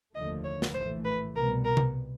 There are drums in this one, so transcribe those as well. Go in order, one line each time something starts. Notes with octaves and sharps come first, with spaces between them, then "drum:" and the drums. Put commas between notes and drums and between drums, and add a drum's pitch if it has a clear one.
F1 D#2 D3 F3 A3 D#5
C#5
drum: snare
A#1 A2 E3 A3 C5
B4
C2 B2 G3 B3 A#4
A#4
drum: tom C3